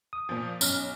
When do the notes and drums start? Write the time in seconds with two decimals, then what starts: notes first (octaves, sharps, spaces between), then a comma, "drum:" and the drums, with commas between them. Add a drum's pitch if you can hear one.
0.13 D#6
0.29 A#2 F3
0.61 B1 C#4 F6, drum: tambourine